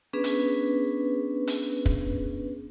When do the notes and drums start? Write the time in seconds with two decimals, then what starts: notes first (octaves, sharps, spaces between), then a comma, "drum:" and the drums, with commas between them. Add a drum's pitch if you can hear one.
0.13 B3 C#4 D4 G#4 B4
0.24 drum: hi-hat
1.47 drum: hi-hat
1.86 drum: kick